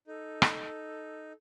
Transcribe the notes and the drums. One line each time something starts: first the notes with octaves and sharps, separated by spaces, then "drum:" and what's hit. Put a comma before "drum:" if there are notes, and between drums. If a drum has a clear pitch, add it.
D#4 A4
drum: rim click